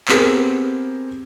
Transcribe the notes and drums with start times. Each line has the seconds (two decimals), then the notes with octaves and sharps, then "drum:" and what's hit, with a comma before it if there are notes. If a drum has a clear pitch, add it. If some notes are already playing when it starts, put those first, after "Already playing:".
0.08 B3 C4 G4 G#4 A#4, drum: clap